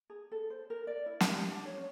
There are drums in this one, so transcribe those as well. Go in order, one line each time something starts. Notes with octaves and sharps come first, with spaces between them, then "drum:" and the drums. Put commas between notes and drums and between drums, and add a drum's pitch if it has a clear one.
G#4
A4
C5
A#4
D5
E4
G4, drum: snare
D4
C#5
C#4